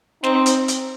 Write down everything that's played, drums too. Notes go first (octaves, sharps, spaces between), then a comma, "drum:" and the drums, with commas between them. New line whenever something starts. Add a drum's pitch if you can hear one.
C4 D#4, drum: snare
drum: hi-hat
drum: hi-hat